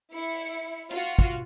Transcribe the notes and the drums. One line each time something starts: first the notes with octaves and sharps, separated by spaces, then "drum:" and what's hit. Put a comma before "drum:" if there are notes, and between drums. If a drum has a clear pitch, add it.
E4 C#7
drum: open hi-hat
F4 F#4, drum: hi-hat
drum: kick